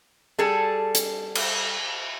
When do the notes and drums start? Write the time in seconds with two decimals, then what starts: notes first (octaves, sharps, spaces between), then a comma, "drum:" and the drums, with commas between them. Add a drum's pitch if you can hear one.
0.38 G3 G#4 A4
0.95 drum: hi-hat
1.35 drum: cymbal